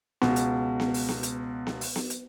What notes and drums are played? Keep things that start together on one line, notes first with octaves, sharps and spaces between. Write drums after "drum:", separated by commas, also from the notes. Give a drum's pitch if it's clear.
C#2 B2, drum: snare B3
drum: hi-hat
drum: snare B3
drum: open hi-hat
drum: snare B3
drum: hi-hat
drum: snare B3
drum: open hi-hat
drum: snare B3
drum: hi-hat